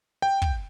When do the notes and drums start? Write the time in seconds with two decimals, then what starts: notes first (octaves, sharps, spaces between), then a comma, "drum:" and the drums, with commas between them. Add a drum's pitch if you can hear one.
0.22 G5
0.42 drum: kick